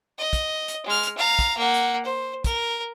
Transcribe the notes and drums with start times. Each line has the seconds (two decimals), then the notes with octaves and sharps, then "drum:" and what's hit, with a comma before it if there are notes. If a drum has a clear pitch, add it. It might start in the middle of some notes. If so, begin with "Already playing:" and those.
0.18 D#5
0.33 drum: kick, hi-hat
0.68 drum: hi-hat
0.86 G#3 F6
1.03 drum: hi-hat
1.17 F5 A#5
1.39 drum: kick, hi-hat
1.57 A#3 F#5
1.74 drum: hi-hat
2.05 C5
2.44 A#4, drum: kick, hi-hat